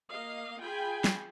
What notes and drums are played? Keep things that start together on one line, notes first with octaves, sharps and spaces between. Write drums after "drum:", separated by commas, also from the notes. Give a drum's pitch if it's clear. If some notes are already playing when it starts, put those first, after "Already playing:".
A#3 D#5 F5
F4 G#4 G5 G#5 B5
drum: snare